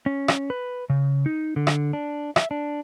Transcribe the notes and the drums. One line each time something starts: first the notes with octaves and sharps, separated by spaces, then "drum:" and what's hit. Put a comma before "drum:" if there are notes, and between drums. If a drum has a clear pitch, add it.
C#4
drum: rim click
B4
C#3
D#4
D3
drum: rim click
D4
E5, drum: rim click
D4